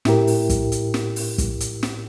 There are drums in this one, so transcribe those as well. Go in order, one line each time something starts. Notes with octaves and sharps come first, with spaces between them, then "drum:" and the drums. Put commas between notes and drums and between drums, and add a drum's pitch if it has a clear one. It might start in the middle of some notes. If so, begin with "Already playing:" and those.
A2 E4 G4 A#4, drum: snare
drum: open hi-hat
drum: kick, hi-hat
drum: hi-hat
drum: snare
drum: open hi-hat
drum: kick, hi-hat
drum: hi-hat
drum: snare